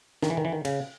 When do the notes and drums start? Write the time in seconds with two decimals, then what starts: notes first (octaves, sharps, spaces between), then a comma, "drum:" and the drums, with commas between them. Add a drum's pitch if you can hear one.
0.23 D#3, drum: snare
0.30 E3
0.37 D#3
0.45 E3
0.52 D#3
0.65 C#3, drum: cymbal